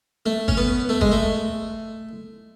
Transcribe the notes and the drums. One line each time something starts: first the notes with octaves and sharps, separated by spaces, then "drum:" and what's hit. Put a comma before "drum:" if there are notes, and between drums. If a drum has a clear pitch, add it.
A3
C#4, drum: kick
B3
A3
G#3, drum: kick
A3